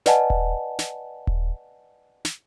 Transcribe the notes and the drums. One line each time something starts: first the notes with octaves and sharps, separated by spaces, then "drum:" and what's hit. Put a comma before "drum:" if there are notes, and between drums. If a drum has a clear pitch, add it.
B4 D5 D#5 F#5 G#5 A5, drum: snare
drum: kick D#1
drum: snare
drum: kick D#1
drum: snare